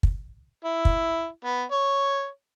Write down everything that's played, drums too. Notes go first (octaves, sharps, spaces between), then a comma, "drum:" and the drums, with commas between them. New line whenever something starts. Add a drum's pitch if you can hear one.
drum: kick
E4
drum: kick
B3
C#5